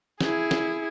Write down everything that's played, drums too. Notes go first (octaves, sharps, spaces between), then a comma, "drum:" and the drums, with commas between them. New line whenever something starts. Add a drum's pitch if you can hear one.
E4 G#4, drum: snare
drum: snare